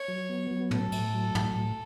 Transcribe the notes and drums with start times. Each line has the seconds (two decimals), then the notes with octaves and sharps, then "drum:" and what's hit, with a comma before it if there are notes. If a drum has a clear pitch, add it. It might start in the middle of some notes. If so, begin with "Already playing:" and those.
Already playing: C#5
0.08 F#3
0.29 B3
0.51 F#3
0.71 A2 A4, drum: tom
0.92 A2, drum: cymbal
1.14 F#3
1.35 A2, drum: tom
1.55 A2